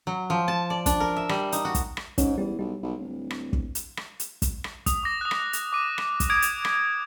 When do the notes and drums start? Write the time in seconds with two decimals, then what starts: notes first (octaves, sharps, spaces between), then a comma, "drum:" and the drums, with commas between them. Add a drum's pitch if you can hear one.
0.07 F#3
0.30 F3
0.48 A5
0.70 D5
0.86 D4, drum: kick, hi-hat
1.00 A#4
1.16 E5
1.29 G3, drum: rim click
1.52 D#4, drum: hi-hat
1.65 F#4
1.75 drum: kick, hi-hat
1.97 drum: rim click
2.18 G#2 C#4, drum: kick, hi-hat
2.38 E2 G3
2.59 B1 G3
2.83 B1
3.00 D1
3.30 drum: rim click
3.53 drum: kick
3.75 drum: hi-hat
3.97 drum: rim click
4.20 drum: hi-hat
4.42 drum: kick, hi-hat
4.64 drum: rim click
4.86 D#6, drum: kick, hi-hat
5.03 D6 A#6
5.21 D#6 F#6
5.31 drum: rim click
5.53 drum: hi-hat
5.72 D6 D#7
5.98 drum: rim click
6.20 drum: kick, hi-hat
6.29 D6 D#6 G#6 D7
6.42 drum: hi-hat
6.65 drum: rim click